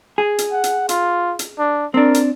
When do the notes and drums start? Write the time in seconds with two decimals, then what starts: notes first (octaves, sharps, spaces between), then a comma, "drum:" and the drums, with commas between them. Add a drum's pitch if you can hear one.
0.18 G#4
0.38 drum: hi-hat
0.52 F#5
0.64 drum: hi-hat
0.89 F4, drum: hi-hat
1.39 drum: hi-hat
1.59 D4
1.94 C4 D4 A#4
2.14 drum: hi-hat